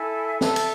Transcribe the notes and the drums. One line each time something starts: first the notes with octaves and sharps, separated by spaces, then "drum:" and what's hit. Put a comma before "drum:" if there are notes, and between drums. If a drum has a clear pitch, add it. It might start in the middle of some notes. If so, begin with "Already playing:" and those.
Already playing: E4 A4 E5 G#5
A4 E5 A5, drum: snare
drum: cymbal